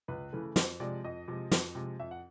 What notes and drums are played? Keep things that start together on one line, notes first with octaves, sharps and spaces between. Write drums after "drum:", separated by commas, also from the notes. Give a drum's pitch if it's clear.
C#2 B4
C#3 E3 A3
F2 C5, drum: snare
C3 F3 G#3 D5
F2 D#5
C3 F3 G#3
F2, drum: snare
C3 F3 G#3
F2 E5
F#5